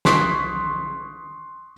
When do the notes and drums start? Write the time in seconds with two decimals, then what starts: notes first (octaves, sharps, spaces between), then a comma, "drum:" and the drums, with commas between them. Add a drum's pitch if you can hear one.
0.05 C6 C#6 D#6 F#6 B6 C7, drum: snare